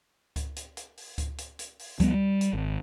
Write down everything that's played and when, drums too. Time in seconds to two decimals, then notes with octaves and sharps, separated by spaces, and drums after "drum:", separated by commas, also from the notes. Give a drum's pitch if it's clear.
0.36 drum: kick C#2, hi-hat
0.56 drum: hi-hat
0.77 drum: hi-hat
0.97 drum: open hi-hat
1.18 drum: kick C#2, hi-hat
1.38 drum: hi-hat
1.59 drum: hi-hat
1.79 drum: open hi-hat
2.00 F3 G3 A3 B3, drum: kick C#2, hi-hat
2.14 G3
2.41 drum: hi-hat
2.53 G#1